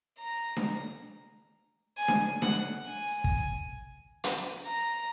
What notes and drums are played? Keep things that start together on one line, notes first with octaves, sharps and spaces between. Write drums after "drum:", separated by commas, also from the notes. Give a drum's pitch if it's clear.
A#5
drum: snare D4
G#5
drum: snare D4
F#5, drum: snare D4
G#5
drum: kick
drum: hi-hat
A#5